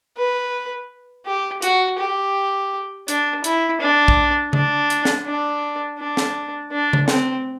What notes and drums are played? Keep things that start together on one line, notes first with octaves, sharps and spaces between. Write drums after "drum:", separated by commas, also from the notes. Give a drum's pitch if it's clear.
B4
G4
F#4, drum: hi-hat
G4
D4, drum: hi-hat
E4, drum: hi-hat
D4
drum: kick
D4, drum: tom C#3
drum: hi-hat
drum: snare
D4
D4
drum: snare
D4
drum: tom C#3
C4, drum: snare